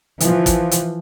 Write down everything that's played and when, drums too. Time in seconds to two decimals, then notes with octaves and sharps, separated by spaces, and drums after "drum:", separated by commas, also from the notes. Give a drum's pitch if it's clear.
0.20 E3 F3, drum: hi-hat
0.46 drum: kick, hi-hat
0.71 drum: hi-hat